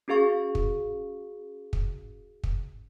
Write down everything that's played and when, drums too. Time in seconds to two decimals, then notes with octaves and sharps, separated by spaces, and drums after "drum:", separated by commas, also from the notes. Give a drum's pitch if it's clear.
0.08 C#4 F#4 G#4 F5 C#6
0.55 drum: kick
1.73 drum: kick
2.44 drum: kick